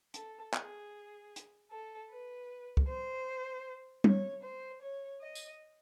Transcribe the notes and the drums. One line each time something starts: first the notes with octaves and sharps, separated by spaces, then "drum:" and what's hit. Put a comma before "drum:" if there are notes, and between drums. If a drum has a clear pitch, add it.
A4, drum: hi-hat
G#4, drum: clap
drum: hi-hat
A4
B4
drum: kick
C5
C#5, drum: tom G3
C5
C#5
D#5
drum: tambourine